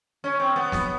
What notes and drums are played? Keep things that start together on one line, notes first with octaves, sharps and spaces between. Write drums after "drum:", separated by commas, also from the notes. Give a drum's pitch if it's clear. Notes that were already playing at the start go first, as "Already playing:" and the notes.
C#4
C4
B3
drum: snare